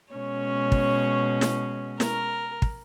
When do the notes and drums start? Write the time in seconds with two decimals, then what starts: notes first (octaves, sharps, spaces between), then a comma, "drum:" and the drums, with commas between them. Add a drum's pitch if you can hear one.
0.14 B2 G#3 C#4 C#5
0.72 drum: kick
1.41 drum: snare
2.00 A#4, drum: snare
2.62 drum: kick